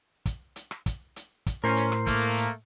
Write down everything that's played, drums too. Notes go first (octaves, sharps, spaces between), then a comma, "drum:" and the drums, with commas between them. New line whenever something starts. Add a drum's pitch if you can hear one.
drum: kick, hi-hat
drum: hi-hat
drum: rim click
drum: kick, hi-hat
drum: hi-hat
drum: kick, hi-hat
A2 C#4 A#4 C5
drum: hi-hat
drum: rim click
A3 A#3, drum: kick, hi-hat
drum: hi-hat